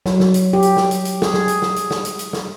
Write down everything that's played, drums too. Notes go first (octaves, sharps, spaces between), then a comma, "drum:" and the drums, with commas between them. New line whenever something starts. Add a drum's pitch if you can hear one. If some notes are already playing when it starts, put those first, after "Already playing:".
F#3, drum: snare
drum: snare
drum: hi-hat
G4
drum: hi-hat
drum: snare
drum: hi-hat
drum: hi-hat
G#4, drum: snare
drum: snare
drum: hi-hat
drum: snare
drum: hi-hat
drum: snare
drum: hi-hat
drum: hi-hat
drum: snare